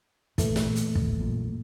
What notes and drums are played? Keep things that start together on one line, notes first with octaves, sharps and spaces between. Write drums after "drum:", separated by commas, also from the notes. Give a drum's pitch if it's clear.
A#2 E3 A3, drum: kick, hi-hat
drum: snare
drum: hi-hat
D#1 A2, drum: kick
A#1 F#2 A#2